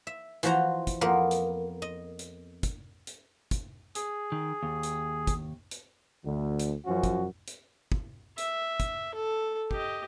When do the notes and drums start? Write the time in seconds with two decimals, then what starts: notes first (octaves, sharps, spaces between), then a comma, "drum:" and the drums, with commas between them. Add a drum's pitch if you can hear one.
0.07 E5
0.43 E3 F3 F#4 C5 A#5, drum: hi-hat
0.87 drum: kick, hi-hat
1.01 F2 A#3 B3 A#4
1.31 drum: hi-hat
1.82 D#5
2.19 drum: hi-hat
2.63 drum: kick, hi-hat
3.07 drum: hi-hat
3.51 drum: kick, hi-hat
3.95 G#4, drum: hi-hat
4.32 D#3
4.63 D#2
4.83 drum: hi-hat
5.27 drum: kick, hi-hat
5.71 drum: hi-hat
6.24 D2 D3
6.60 drum: hi-hat
6.86 F#2 F3 C#4 F#4
7.04 drum: kick, hi-hat
7.48 drum: hi-hat
7.92 drum: kick
8.38 E5, drum: hi-hat
8.80 drum: kick, hi-hat
9.14 A4
9.71 G4 D#5, drum: kick